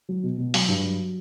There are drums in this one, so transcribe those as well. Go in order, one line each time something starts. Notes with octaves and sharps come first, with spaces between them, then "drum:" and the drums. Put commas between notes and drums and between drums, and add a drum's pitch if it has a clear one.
F#3
B2
B2
F#3, drum: open hi-hat
G2
F#3